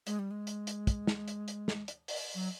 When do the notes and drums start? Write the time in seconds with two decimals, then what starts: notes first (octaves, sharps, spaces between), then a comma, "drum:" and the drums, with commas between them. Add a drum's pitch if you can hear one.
0.07 G#3, drum: hi-hat
0.19 G3
0.31 G#3
0.47 drum: hi-hat
0.67 drum: hi-hat
0.87 drum: kick, hi-hat
1.07 drum: snare
1.28 drum: hi-hat
1.48 drum: hi-hat
1.68 drum: snare
1.88 drum: hi-hat
2.08 drum: open hi-hat
2.35 F#3